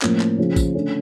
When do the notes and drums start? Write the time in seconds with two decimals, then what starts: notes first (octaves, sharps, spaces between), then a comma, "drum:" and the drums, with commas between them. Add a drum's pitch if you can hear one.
0.02 A2 F3 A#3 C#4, drum: clap
0.20 drum: clap
0.38 C#3 F3 C#4
0.56 drum: kick A#1, tambourine
0.75 D3 A3 C#4